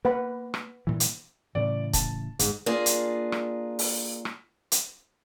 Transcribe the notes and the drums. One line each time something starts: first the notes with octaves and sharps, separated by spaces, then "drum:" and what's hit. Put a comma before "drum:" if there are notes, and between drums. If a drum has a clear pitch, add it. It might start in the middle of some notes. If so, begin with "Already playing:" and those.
A#3 B4 F#5 B5
drum: rim click
G2 A#2 E3
drum: hi-hat
A2 C#3 E3 D5
A5, drum: kick, hi-hat
G1 G#2, drum: hi-hat
A#3 D4 F4 G#4
drum: hi-hat
drum: rim click
drum: open hi-hat
drum: rim click
drum: hi-hat